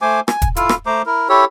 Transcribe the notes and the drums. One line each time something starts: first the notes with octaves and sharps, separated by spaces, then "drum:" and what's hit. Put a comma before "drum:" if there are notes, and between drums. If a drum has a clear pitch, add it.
A3 C5 G#5 D6
G#5, drum: rim click
drum: kick, hi-hat
E4 F4 A4 F5, drum: hi-hat
drum: rim click
A3 C5 A#5 D6
E4 A#4
E4 G4 A4 C#5